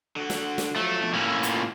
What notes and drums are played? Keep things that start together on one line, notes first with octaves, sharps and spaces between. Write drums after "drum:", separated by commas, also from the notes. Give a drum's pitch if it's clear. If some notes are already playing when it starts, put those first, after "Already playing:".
D3 F#4
drum: snare
drum: snare
F3 F#3 A3
B2 F3
A2 A#3 C#4 E5
B3 F4, drum: hi-hat